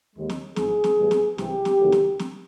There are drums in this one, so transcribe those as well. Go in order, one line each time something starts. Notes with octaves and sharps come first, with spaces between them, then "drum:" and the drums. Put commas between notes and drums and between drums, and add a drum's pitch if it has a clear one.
D#2 D#3 G#3
drum: snare
A1 G#2 F3 G#4, drum: snare
drum: snare
A2 E3 G3 B3
drum: snare
C2 C3 E3 G4, drum: snare
drum: snare
E2 C3 D#3 F#3 A3
drum: snare
drum: snare